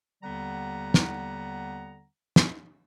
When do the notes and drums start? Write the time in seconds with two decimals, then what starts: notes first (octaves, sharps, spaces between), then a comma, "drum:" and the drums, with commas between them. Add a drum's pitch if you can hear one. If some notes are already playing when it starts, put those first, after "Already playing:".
0.23 D#2 D3 G3 B3 F#5 A#5
0.94 drum: snare
2.36 drum: snare